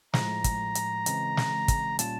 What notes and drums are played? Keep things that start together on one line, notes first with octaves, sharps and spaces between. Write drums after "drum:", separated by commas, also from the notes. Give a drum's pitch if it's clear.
A2 F3 G#3 A#5, drum: snare
drum: kick, hi-hat
drum: hi-hat
C#3 E3 G#3 C4, drum: hi-hat
drum: snare
drum: kick, hi-hat
A#2 G3 A#3 C#4 F4 A5, drum: hi-hat